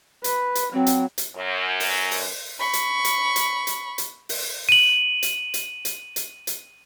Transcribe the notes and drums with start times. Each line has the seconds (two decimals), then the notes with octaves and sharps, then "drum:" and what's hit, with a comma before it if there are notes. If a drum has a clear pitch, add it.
0.24 B4, drum: hi-hat
0.55 drum: hi-hat
0.73 F#3 C4
0.87 drum: hi-hat
1.18 drum: hi-hat
1.35 F#2
1.80 drum: open hi-hat
2.11 drum: open hi-hat
2.60 B5 C#6
2.73 drum: hi-hat
3.05 drum: hi-hat
3.36 drum: hi-hat
3.67 drum: hi-hat
3.98 drum: hi-hat
4.29 drum: open hi-hat
4.69 D#7 F#7
5.23 drum: hi-hat
5.54 drum: hi-hat
5.85 drum: hi-hat
6.16 drum: hi-hat
6.47 drum: hi-hat